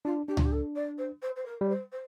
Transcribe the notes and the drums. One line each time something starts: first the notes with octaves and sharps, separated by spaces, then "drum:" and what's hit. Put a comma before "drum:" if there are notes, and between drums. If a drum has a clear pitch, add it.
D4 F4
D4 G4
F4, drum: tom C#2
G4
A4
D5
C5
C5
C5
A#4
G3 D5
C5
C5